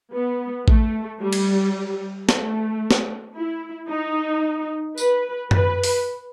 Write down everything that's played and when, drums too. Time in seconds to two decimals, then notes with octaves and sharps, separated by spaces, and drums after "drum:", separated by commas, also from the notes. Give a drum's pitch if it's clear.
0.13 B3
0.68 A3, drum: kick A1
1.20 G3
1.33 drum: cymbal
2.29 A3, drum: snare
2.91 drum: snare
3.36 E4
3.90 D#4
4.98 B4, drum: tambourine
5.51 B4, drum: tom F#2
5.84 drum: open hi-hat